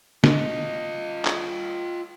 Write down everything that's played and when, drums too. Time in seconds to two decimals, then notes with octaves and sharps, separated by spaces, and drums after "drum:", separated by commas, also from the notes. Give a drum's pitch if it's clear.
0.24 F4 D#5, drum: snare
1.25 drum: clap